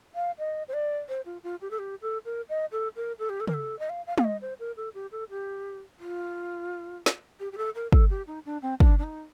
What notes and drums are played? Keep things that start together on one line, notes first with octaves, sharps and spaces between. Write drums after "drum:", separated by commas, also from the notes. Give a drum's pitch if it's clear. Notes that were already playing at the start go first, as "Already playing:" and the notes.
F5
D#5
C5
D5
C5
F4
F4
G4
A4
G4
A4
A#4
D#5
A4
A#4
A4
G4
A4
A#4, drum: tom
A4
D#5
F5
F5
F5, drum: tom
D#5
C5
A#4
A4
G4
A4
G4
F4
drum: snare
G4
G4
A4
A#4
A4, drum: kick
G4
D#4
D4
C4
D4, drum: kick
D4
D#4